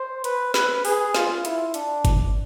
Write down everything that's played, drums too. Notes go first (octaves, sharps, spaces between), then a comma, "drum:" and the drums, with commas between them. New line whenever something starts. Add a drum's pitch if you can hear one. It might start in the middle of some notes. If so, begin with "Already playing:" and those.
Already playing: C5
B4, drum: hi-hat
B4, drum: snare
G#4, drum: open hi-hat
F4, drum: snare
E4, drum: hi-hat
D4, drum: hi-hat
drum: kick G1, hi-hat